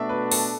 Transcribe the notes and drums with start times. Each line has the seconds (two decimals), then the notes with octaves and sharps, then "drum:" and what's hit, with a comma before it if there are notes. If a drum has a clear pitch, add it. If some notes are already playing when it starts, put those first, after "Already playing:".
Already playing: B2 A3 D4 F#4 E5
0.09 B4
0.32 A4, drum: open hi-hat